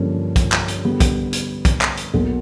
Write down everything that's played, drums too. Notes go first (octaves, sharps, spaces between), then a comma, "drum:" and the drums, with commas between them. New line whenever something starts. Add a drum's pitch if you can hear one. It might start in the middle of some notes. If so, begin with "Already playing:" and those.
Already playing: G2 D3 F3 A#3 C#4
drum: kick, hi-hat
drum: clap
drum: hi-hat
D3 G3 B3
drum: kick, hi-hat
drum: hi-hat
drum: kick, hi-hat
drum: clap
drum: hi-hat
B1 B2 F#3 A#3